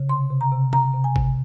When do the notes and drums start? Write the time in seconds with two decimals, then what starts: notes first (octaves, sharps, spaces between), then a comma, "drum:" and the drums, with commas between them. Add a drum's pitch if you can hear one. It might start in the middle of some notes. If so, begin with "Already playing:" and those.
Already playing: C#3
0.09 C3 C6
0.30 C3
0.41 A#5
0.52 C3
0.73 C3 A#5, drum: tom
0.94 C3
1.04 G#5
1.16 C3, drum: kick G1